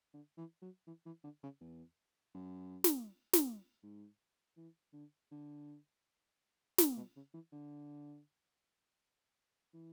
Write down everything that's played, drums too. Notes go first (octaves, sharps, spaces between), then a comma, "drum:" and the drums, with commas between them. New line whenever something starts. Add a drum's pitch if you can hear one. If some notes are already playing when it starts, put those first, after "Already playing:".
D3
E3
F#3
E3
E3
D3
C#3
E2
F#2
drum: snare
drum: snare
G#2
E3
D3
D3
drum: snare
B2
C#3
E3
D3
E3